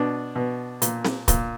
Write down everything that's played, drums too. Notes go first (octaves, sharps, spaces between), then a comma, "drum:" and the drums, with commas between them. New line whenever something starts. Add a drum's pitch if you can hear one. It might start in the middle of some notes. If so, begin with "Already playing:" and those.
Already playing: B2 D4
B2
A#2, drum: hi-hat
drum: snare C4
A#2, drum: kick D1, hi-hat